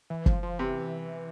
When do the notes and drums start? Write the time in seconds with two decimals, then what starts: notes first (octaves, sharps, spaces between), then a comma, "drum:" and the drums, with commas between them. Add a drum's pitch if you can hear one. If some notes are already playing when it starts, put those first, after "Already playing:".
0.10 E3
0.26 F3, drum: kick
0.43 F3
0.59 C3 E3